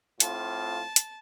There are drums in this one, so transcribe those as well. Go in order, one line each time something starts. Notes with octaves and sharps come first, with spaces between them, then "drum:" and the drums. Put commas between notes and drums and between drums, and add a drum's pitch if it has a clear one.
A2 C4 F4 A5, drum: hi-hat
drum: hi-hat